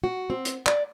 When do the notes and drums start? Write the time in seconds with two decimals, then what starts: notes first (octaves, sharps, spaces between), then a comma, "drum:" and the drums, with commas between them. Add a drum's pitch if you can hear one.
0.04 F#4
0.30 C4
0.45 drum: hi-hat
0.66 D5, drum: clap